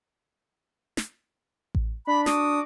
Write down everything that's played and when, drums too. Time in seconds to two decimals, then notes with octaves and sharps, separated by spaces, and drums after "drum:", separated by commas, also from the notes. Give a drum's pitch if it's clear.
0.97 drum: snare
1.75 drum: kick A1
2.07 D4 B5
2.26 F#4 D6 D#6, drum: snare